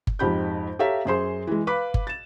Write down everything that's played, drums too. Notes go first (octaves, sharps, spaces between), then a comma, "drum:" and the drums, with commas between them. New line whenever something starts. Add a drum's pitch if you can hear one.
drum: kick G1
F2 G#2 G4 B5 G6
G4 A4 C#5 E5 F5 A#5
F#2 G#4 C5 C6
E3 G#3
B4 F5 B5 D6
drum: kick G1
A6 E7